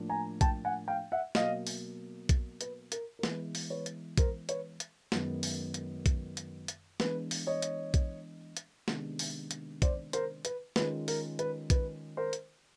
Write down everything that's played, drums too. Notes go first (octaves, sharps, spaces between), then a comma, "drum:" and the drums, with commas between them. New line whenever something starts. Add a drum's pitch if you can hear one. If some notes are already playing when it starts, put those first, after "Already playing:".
Already playing: A2 F3 A#3 D4 F4
G#5 A#5
G5 A5, drum: kick A#1, hi-hat
F#5 G#5
F5 G5
E5 F#5
B2 F#3 A#3 D#5 F5, drum: snare
drum: open hi-hat
drum: kick A#1, hi-hat
B4, drum: hi-hat
A#4, drum: hi-hat
A#4
E3 G#3 B3 E4 B4, drum: snare
drum: open hi-hat
B4 C#5
drum: hi-hat
A#4 C5, drum: kick A#1, hi-hat
B4 C#5, drum: hi-hat
drum: hi-hat
F#2 D#3 G#3 B3, drum: snare
drum: open hi-hat
drum: hi-hat
drum: kick A#1, hi-hat
drum: hi-hat
drum: hi-hat
E3 G#3 B3 D4 B4, drum: snare
drum: open hi-hat
C#5 D#5
drum: hi-hat
drum: kick A#1, hi-hat
drum: hi-hat
C3 D#3 G#3 B3 D4, drum: snare
drum: open hi-hat
drum: hi-hat
C5 D5, drum: kick A#1, hi-hat
A#4 C5, drum: hi-hat
B4, drum: hi-hat
D#3 G#3 C#4 F4 B4, drum: snare
A#4, drum: open hi-hat
B4, drum: hi-hat
B4, drum: kick A#1, hi-hat
A#4 C5
drum: hi-hat